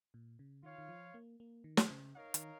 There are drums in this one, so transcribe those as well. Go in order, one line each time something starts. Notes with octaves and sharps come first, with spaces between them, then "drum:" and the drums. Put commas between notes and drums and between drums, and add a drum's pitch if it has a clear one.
A#2
C#3
D#3 F4 C#5 F5
D#3
F3
A#3
A#3
D#3
drum: snare
C#3
D#4 A#4 C#5 F5
D#3, drum: hi-hat